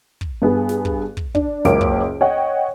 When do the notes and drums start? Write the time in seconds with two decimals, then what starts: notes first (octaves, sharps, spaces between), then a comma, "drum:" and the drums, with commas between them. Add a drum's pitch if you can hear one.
0.21 drum: kick
0.42 G2 B3 G#4
0.69 drum: snare
0.85 drum: kick
1.17 drum: kick
1.35 D4, drum: kick
1.65 F#1 C#2 A#3 C#5 D6 D7, drum: snare
1.81 drum: kick
2.21 C#5 D#5 F#5 G5